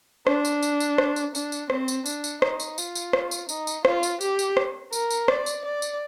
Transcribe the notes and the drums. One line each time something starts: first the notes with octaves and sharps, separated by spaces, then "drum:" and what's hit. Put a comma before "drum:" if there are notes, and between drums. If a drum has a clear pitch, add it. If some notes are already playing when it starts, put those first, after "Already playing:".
D4, drum: rim click
drum: tambourine
drum: tambourine
drum: tambourine
drum: rim click
drum: tambourine
D4, drum: tambourine
drum: tambourine
C4, drum: rim click
drum: tambourine
D4, drum: tambourine
drum: tambourine
D#4, drum: rim click
drum: tambourine
F4, drum: tambourine
drum: tambourine
drum: rim click
drum: tambourine
D#4, drum: tambourine
drum: tambourine
F4, drum: rim click
drum: tambourine
G4, drum: tambourine
drum: tambourine
drum: rim click
A#4, drum: tambourine
drum: tambourine
D5, drum: rim click
drum: tambourine
D5
drum: tambourine